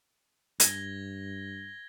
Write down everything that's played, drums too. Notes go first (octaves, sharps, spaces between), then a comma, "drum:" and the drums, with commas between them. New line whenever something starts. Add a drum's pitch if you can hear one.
G2 G#6 A#6 G7, drum: hi-hat